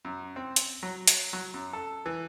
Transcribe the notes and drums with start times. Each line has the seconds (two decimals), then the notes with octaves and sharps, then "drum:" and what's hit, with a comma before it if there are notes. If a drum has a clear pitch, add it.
0.05 F#2
0.36 C4
0.56 drum: hi-hat
0.83 F#3
1.07 drum: hi-hat
1.33 F#3
1.54 F#2
1.73 A4
2.06 E3